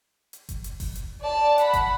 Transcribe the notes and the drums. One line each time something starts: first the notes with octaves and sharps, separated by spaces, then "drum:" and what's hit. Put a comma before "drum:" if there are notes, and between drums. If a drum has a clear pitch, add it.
drum: hi-hat
drum: kick F#1, hi-hat
drum: hi-hat
drum: kick F#1, open hi-hat
drum: hi-hat
D5 A5
F#5 B5, drum: hi-hat
drum: kick F#1, hi-hat